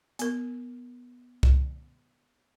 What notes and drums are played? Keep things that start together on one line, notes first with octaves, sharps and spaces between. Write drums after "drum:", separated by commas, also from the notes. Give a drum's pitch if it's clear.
B3 A#4, drum: hi-hat
drum: kick C2